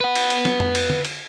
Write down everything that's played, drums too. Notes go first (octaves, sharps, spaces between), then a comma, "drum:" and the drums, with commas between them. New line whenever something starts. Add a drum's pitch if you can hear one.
B4 F#5
drum: cymbal
drum: cymbal
drum: snare
drum: tom F2
drum: cymbal
drum: tom D3
drum: cymbal